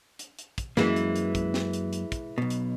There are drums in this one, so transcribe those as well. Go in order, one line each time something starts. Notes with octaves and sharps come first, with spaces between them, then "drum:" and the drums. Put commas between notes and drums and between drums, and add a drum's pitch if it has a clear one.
drum: hi-hat
drum: hi-hat
drum: kick, hi-hat
F#2 E3 G#3 A#3, drum: snare
drum: hi-hat
drum: hi-hat
drum: kick, hi-hat
drum: snare
drum: hi-hat
drum: hi-hat
drum: kick, hi-hat
B1 B2
drum: hi-hat